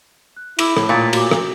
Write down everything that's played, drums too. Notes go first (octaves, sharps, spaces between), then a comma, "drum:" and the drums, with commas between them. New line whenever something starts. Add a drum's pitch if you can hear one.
F#6
E4 B5 D6 E6, drum: cymbal
A2, drum: rim click
A#2 C6 A6 B6
F#4 D6, drum: cymbal
drum: rim click